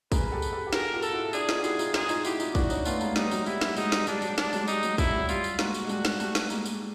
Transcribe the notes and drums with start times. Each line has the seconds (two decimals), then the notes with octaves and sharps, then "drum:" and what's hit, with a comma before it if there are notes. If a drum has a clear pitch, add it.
0.12 G#4 A#4 B4, drum: kick, tambourine
0.32 G4 A4
0.42 drum: tambourine
0.52 G4 A4
0.67 G4
0.73 F#4 G#4 A#4, drum: snare
0.93 F4 G4
1.02 A4, drum: tambourine
1.13 E4 F#4
1.33 D4 E4 G#4, drum: tambourine
1.49 D#4 F4, drum: snare
1.59 G4
1.64 E4 F#4 G#4, drum: tambourine
1.79 D#4 F4, drum: tambourine
1.94 D#4 F4 G#4, drum: snare
2.09 D#4 F4, drum: tambourine
2.25 E4 F#4 G4, drum: tambourine
2.40 D#4 F4, drum: tambourine
2.55 D4 E4 F#4, drum: kick, tambourine
2.70 C#4 D#4, drum: tambourine
2.85 A3 B3 F4, drum: tambourine
3.01 G#3 A#3, drum: tambourine
3.16 G3 D#4, drum: snare
3.31 F#3, drum: tambourine
3.46 G3 E4, drum: tambourine
3.61 G3, drum: snare
3.76 F#3 G#3 D#4, drum: tambourine
3.92 G3, drum: snare
4.07 G3 D4, drum: tambourine
4.22 F#3, drum: tambourine
4.38 G3 D4, drum: snare
4.53 F#3 G#3, drum: tambourine
4.68 G3 D#4, drum: tambourine
4.83 F#3 G#3, drum: tambourine
4.98 F#3 E4, drum: kick, tambourine
5.08 G3
5.17 F#3
5.29 G3 F4, drum: tambourine
5.44 drum: tambourine
5.59 G#3 A#3 F#4, drum: snare
5.74 drum: tambourine
5.84 G#3
5.89 G3 A3, drum: tambourine
6.05 drum: snare
6.20 G3 A3, drum: tambourine
6.35 drum: snare
6.50 G#3 A#3, drum: tambourine
6.66 drum: tambourine